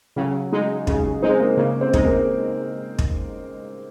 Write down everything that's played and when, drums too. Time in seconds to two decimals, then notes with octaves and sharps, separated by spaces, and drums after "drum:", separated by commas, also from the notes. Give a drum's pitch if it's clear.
0.16 C#3 F#3 F#4
0.52 G#3 D#4
0.87 C#3 G#3 G#4, drum: kick
1.05 G#3 G#4
1.22 G#3 C4 D#4 C5
1.40 A#3 A#4
1.57 C#3 A#3 A#4
1.81 C4 C5
1.93 G#3 D#4, drum: kick
2.05 A#3 A#4
2.99 drum: kick